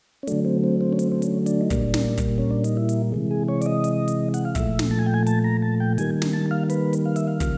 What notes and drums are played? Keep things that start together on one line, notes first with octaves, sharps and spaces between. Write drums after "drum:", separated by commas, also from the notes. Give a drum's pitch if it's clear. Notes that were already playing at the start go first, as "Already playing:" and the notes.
C#4
D3 F#3 A3 D4, drum: hi-hat
C4
C4
C4
C#4
C4, drum: hi-hat
C4
C#4, drum: hi-hat
D4, drum: hi-hat
D#4
A#2 G3 A#3 D4, drum: kick, hi-hat
drum: snare
drum: kick, hi-hat
C#4
D4
D#4, drum: hi-hat
E4
drum: hi-hat
C3 E3 G#3
G#4
C#5
D5, drum: hi-hat
D#5
drum: hi-hat
drum: hi-hat
F#5, drum: hi-hat
F5
A#2 F3 A3 E5, drum: kick, hi-hat
drum: snare
A5
G#5
G5
G#5
A5, drum: hi-hat
A#5
A5
G5
D#3 G3 A#3 G#5, drum: hi-hat
drum: snare
A5
F5
B4, drum: hi-hat
drum: hi-hat
F5
E5, drum: hi-hat
F5
C#3 F3 A#3, drum: kick, hi-hat